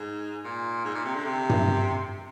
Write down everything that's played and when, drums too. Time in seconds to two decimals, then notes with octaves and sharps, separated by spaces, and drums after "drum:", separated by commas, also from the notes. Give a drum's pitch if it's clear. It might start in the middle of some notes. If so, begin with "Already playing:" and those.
Already playing: G#2
0.44 A#2
0.84 G#2
0.94 A#2
1.05 C3
1.15 D3
1.24 C3
1.50 drum: tom G2